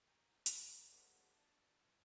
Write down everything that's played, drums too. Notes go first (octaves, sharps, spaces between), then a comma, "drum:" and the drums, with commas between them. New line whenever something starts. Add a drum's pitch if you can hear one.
G5 G#5 A#5 C#6 D#6 G6
A#4 D5 A#5, drum: hi-hat
G#3 A#3 C4 D4 F#4 G4
D4 A5
G1 G#6